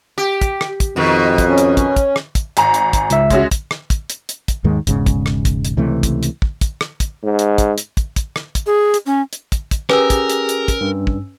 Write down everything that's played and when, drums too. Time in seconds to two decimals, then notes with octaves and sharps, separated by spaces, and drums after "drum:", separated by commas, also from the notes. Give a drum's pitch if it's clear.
0.18 G4
0.41 drum: kick, hi-hat
0.61 drum: rim click
0.80 drum: kick, hi-hat
0.96 F2 B2 D#3
1.38 drum: kick, hi-hat
1.48 C#4
1.58 drum: hi-hat
1.77 drum: kick, hi-hat
1.96 drum: kick, hi-hat
2.16 drum: rim click
2.35 drum: kick, hi-hat
2.57 G#1 G#5 A#5, drum: hi-hat
2.74 drum: hi-hat
2.93 drum: kick, hi-hat
3.10 C#2 E5, drum: hi-hat
3.30 G#3 C#4 F#4, drum: kick, hi-hat
3.51 drum: kick, hi-hat
3.71 drum: rim click
3.90 drum: kick, hi-hat
4.10 drum: hi-hat
4.29 drum: hi-hat
4.48 drum: kick, hi-hat
4.64 D#2 G#2 D#3 G#3
4.87 E1 G#2 C#3, drum: kick, hi-hat
5.06 drum: kick, hi-hat
5.26 drum: rim click
5.45 drum: kick, hi-hat
5.65 drum: hi-hat
5.77 C#2 C3 E3 A3
6.03 drum: kick, hi-hat
6.23 drum: hi-hat
6.42 drum: kick
6.61 drum: kick, hi-hat
6.81 drum: rim click
7.00 drum: kick, hi-hat
7.23 G#2
7.39 drum: hi-hat
7.58 drum: kick, hi-hat
7.78 drum: hi-hat
7.97 drum: kick, hi-hat
8.16 drum: kick, hi-hat
8.36 drum: rim click
8.55 drum: kick, hi-hat
8.66 G#4
8.94 drum: hi-hat
9.06 C#4
9.33 drum: hi-hat
9.52 drum: kick, hi-hat
9.71 drum: kick, hi-hat
9.90 C#4 G4 G#4 A#4 B4 E6, drum: rim click
10.10 drum: kick, hi-hat
10.30 drum: hi-hat
10.49 drum: hi-hat
10.68 drum: kick, hi-hat
10.81 G2
11.07 drum: kick